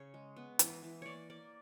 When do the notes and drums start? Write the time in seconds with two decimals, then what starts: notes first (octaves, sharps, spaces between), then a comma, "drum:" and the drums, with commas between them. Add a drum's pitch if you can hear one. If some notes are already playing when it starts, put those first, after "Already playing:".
Already playing: C#3 C#5
0.14 G#3
0.36 B3
0.59 E3, drum: hi-hat
0.83 E3
1.02 A#3 C#5 D5
1.30 A#3 D5